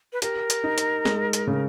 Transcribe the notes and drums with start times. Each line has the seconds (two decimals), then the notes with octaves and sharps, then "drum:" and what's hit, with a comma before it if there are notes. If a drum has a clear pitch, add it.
0.13 B4
0.22 G4 A#4, drum: hi-hat
0.50 drum: hi-hat
0.64 D#4
0.78 drum: hi-hat
1.05 G#3, drum: snare
1.33 drum: hi-hat
1.47 C#3